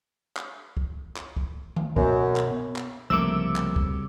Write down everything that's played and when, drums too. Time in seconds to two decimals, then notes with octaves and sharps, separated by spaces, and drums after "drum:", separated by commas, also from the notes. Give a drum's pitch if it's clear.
0.37 drum: clap
0.77 drum: kick
1.17 drum: clap
1.37 drum: kick
1.76 drum: tom D#3
1.96 F#2 B2, drum: kick
2.36 drum: clap
2.76 drum: clap
3.10 C2 F#2 C#3 F3 A3 A#3 D6 E6
3.56 drum: clap
3.76 drum: kick